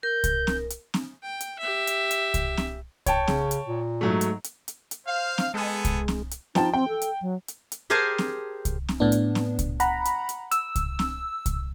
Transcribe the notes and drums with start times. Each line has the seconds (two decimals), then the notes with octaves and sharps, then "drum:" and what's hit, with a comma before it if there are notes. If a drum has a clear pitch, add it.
0.03 A#4 G6
0.24 drum: kick C2, hi-hat
0.47 drum: snare C4
0.70 drum: hi-hat
0.94 drum: snare C4
1.22 G5
1.40 drum: hi-hat
1.59 G4 E5
1.87 drum: hi-hat
2.11 drum: hi-hat
2.34 drum: kick C2, hi-hat
2.57 drum: snare C4
3.06 C#5 G5 A5, drum: kick C2, hi-hat
3.27 C#3, drum: snare C4
3.51 drum: hi-hat
3.67 A#2
4.01 G#2 F#3 A3
4.21 drum: hi-hat
4.44 drum: hi-hat
4.68 drum: hi-hat
4.91 drum: hi-hat
5.07 C5 F5
5.38 drum: snare C4
5.54 G#3 B3 G#4 A4
5.85 drum: kick C2, hi-hat
6.08 drum: snare C4
6.31 drum: hi-hat
6.55 F3 D#4 G5 A5, drum: snare C4
6.74 C4 G5
6.89 A4
7.01 drum: hi-hat
7.21 F#3
7.48 drum: hi-hat
7.72 drum: hi-hat
7.90 G4 G#4 A#4 C5 G#5 A5
8.18 drum: snare C4
8.65 drum: kick C2, hi-hat
8.89 drum: snare C4
9.00 A2 B3 D4
9.12 drum: hi-hat
9.35 drum: snare C4
9.59 drum: kick C2, hi-hat
9.80 F#5 A#5 B5, drum: hi-hat
10.05 drum: hi-hat
10.29 drum: hi-hat
10.51 E6, drum: hi-hat
10.76 drum: kick C2, hi-hat
10.99 drum: snare C4
11.46 drum: kick C2, hi-hat